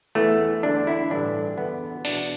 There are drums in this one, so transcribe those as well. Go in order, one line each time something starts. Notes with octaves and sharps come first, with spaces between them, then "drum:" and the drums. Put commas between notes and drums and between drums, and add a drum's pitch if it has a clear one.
E2 E3 A3
E2 D3 D4
E4
A1 G2 D3 D4
E2 D3 B3
E2 B2 D4, drum: open hi-hat